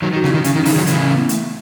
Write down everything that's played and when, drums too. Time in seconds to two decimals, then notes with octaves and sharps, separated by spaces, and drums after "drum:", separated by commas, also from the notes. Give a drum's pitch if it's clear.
0.02 D#3 F#3
0.13 D#3
0.16 F#4
0.24 C#3, drum: snare
0.31 D#3 E4
0.44 C#3 C#4, drum: hi-hat
0.55 D#3
0.59 D#4
0.65 C#3 E3, drum: open hi-hat
0.73 D#3 F#3 G#4
0.87 C#3 E3 E4, drum: hi-hat
1.01 C#4
1.15 B3
1.29 A3, drum: hi-hat